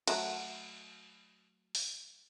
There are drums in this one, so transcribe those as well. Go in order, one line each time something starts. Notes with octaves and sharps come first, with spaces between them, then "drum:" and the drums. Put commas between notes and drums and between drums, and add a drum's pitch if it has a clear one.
F#3 A3 F#4, drum: cymbal
drum: open hi-hat